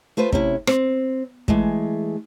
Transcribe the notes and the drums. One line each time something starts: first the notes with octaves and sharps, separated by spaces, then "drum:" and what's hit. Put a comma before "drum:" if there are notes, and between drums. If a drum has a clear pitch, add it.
A3 F4 B4 C5
C3 C#4 E4, drum: kick
C4, drum: rim click
E3 G#3 A3, drum: kick